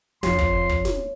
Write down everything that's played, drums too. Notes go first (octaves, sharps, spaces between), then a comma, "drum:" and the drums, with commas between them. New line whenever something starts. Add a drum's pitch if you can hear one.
F2 F3 C#5 C6, drum: snare
drum: kick
drum: kick
drum: snare